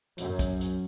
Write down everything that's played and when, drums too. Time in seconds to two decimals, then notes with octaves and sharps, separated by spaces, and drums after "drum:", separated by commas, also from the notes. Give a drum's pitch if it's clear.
0.18 F#2, drum: hi-hat
0.39 drum: kick, hi-hat
0.61 drum: hi-hat